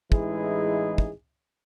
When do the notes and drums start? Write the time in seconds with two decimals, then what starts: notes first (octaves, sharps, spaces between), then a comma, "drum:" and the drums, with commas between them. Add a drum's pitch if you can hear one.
0.12 A1 E3 G#3 D#4 E4 G#4, drum: kick
0.98 drum: kick